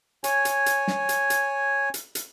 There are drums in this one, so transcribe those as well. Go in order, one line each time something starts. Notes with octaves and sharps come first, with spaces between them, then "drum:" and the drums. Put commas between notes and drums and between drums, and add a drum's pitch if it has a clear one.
C#5 G#5, drum: hi-hat
drum: hi-hat
drum: hi-hat
drum: snare
drum: hi-hat
drum: hi-hat
drum: hi-hat
drum: hi-hat